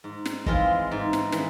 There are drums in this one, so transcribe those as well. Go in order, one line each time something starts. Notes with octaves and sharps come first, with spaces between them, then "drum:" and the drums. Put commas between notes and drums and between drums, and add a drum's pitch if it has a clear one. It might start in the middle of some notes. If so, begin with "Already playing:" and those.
G#2
drum: snare
E3 G#3 C4 F4, drum: kick
G#2
drum: snare
E3, drum: snare